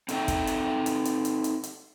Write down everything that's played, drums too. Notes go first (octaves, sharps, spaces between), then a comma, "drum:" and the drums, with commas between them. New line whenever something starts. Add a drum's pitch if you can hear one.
C4 D#4 A4 D#5 E5 G5, drum: hi-hat
drum: kick, hi-hat
drum: hi-hat
drum: hi-hat
drum: hi-hat
drum: hi-hat
drum: hi-hat
drum: hi-hat